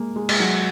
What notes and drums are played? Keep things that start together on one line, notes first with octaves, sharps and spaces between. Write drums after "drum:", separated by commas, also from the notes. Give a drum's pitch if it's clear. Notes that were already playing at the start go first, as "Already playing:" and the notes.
Already playing: G#3 A#3
G#3
G#3, drum: cymbal
F#3